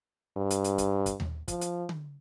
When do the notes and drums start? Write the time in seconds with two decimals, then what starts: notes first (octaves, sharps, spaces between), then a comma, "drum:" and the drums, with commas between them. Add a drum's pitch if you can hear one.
0.37 G2
0.50 drum: hi-hat
0.64 drum: hi-hat
0.78 drum: kick, hi-hat
1.06 drum: kick, hi-hat
1.20 drum: tom D#2
1.48 F3, drum: kick, hi-hat
1.61 drum: hi-hat
1.89 drum: tom D3